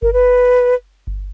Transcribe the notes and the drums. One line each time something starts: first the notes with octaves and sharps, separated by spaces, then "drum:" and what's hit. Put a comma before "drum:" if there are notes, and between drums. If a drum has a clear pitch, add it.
A#4, drum: kick G1
B4
drum: kick G1